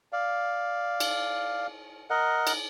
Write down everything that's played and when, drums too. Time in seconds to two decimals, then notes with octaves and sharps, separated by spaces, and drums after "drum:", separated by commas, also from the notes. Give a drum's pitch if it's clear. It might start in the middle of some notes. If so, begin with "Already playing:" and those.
0.13 D5 F5
1.00 drum: cymbal
2.10 A#4 D#5 F#5
2.47 drum: cymbal